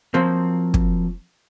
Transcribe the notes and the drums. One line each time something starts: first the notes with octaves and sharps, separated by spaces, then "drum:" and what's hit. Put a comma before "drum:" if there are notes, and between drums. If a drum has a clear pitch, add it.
F3 F#3 A#3 C4
drum: kick